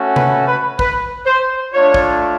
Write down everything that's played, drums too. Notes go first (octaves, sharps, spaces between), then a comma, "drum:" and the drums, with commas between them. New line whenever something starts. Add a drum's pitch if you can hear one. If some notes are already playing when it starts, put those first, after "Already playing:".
Already playing: A3 C#4 F#4
B4, drum: tom C3
B4
B4, drum: kick
C5
A3 D4 F4 C#5
drum: kick